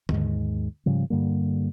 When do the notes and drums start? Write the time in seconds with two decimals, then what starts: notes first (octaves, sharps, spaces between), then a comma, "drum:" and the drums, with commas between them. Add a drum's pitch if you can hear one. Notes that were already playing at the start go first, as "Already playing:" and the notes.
0.09 D#2 G#2, drum: tom D3
0.86 G#2 C#3 F3 G3
1.10 G2 D3 G3 A#3